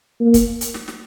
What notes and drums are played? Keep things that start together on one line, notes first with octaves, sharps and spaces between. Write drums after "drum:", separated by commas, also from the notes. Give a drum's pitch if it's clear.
A#3
drum: kick, hi-hat
drum: hi-hat
drum: snare
drum: snare